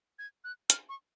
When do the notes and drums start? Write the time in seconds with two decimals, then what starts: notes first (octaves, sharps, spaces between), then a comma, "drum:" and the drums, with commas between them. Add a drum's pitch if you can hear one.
0.19 G#6
0.44 F#6
0.70 F6, drum: hi-hat
0.89 C#6